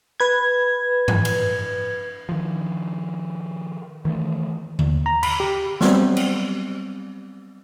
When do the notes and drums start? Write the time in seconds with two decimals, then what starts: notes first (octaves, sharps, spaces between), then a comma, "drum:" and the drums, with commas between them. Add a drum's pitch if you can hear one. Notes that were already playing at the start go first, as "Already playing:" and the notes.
0.20 B4 G#6
1.08 drum: tom G2
1.25 drum: cymbal
2.29 D#3 F3
4.05 D#3 E3 G#3 A3
4.79 D#2, drum: tom D3
5.06 A#5
5.23 B5, drum: cymbal
5.40 G4
5.81 F#3 G3 B3 C4, drum: snare
6.17 drum: cymbal